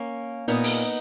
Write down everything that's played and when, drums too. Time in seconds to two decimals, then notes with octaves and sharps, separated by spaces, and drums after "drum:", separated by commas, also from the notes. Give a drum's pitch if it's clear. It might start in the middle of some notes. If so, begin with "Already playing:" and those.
Already playing: A#3 C#4
0.48 A#2 B3 D#4
0.64 drum: open hi-hat